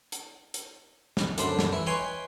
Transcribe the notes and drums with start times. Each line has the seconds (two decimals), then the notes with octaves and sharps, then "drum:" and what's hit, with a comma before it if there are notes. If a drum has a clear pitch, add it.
0.12 drum: hi-hat
0.54 drum: hi-hat
1.17 drum: snare
1.38 F#2 D3 D4 C5 B5, drum: hi-hat
1.59 drum: snare
1.72 E3 E4
1.86 B4 C#5 D#5 G5 G#5 C6